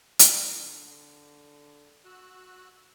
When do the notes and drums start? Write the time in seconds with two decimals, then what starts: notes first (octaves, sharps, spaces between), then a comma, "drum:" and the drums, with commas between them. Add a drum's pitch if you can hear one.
0.19 D3, drum: hi-hat
2.05 F#4 E6 F#6